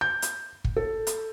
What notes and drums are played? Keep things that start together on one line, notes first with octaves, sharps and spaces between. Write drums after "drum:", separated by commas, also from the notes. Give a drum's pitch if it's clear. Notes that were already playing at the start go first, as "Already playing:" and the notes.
G6
drum: hi-hat
drum: kick
A4
drum: hi-hat